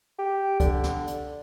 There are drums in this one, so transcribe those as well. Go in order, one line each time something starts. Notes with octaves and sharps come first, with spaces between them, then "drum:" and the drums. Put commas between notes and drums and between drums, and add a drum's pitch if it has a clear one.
G4
D3, drum: kick, hi-hat
drum: snare
drum: hi-hat